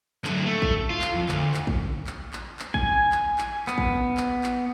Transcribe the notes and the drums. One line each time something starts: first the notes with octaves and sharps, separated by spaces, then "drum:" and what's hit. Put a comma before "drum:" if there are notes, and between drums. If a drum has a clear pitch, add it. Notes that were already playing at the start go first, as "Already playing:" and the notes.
D3 F#3, drum: clap
A3
drum: kick A1
F4
drum: clap
F2
D2, drum: clap
drum: clap
drum: kick A1
drum: clap
drum: clap
drum: clap
G#5, drum: kick A1
drum: clap
drum: clap
B3, drum: clap
drum: kick A1
drum: clap
drum: clap